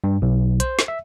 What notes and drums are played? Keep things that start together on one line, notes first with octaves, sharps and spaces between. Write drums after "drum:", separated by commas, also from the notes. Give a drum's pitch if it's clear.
G2
B1
C5, drum: hi-hat
drum: snare
E5